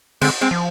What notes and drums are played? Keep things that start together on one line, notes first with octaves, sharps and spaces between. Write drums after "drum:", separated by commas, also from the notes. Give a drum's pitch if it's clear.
D3 G#3 C4, drum: cymbal
G#3 C4
F3